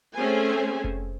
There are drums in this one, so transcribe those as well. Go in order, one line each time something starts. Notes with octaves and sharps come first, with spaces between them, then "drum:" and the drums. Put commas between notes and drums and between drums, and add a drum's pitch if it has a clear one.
A3 C4 C#4 G#4 C5 G#5
drum: kick F1